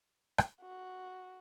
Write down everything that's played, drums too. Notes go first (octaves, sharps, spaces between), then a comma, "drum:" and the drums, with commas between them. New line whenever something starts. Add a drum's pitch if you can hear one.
drum: rim click
F#4